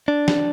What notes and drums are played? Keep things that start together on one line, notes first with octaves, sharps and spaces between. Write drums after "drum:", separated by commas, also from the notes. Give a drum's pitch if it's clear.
D4
drum: snare